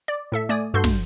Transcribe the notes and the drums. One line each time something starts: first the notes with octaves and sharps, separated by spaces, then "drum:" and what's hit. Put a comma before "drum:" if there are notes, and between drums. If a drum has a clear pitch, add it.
D5
A2 A4 E5
A3 D5 G#5 D#6, drum: hi-hat
G2 F#4 A4 C6 G6
drum: snare